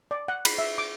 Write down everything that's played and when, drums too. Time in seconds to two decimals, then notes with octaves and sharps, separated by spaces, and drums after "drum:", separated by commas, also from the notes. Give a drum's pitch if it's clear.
0.11 D5
0.28 F#5
0.45 B5, drum: cymbal
0.58 E5
0.78 D6